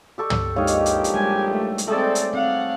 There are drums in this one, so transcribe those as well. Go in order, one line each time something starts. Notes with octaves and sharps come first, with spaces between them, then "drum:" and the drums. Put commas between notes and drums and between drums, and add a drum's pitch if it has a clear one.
G4 A4 C#6
drum: tom
A#1 G#3 D#4 G4 C#5 D#5 F5
drum: hi-hat
drum: hi-hat
drum: hi-hat
G3 G#3 G#5
A3
drum: hi-hat
A3 C4 G#4 A4 D5
drum: hi-hat
C4 F5 F#5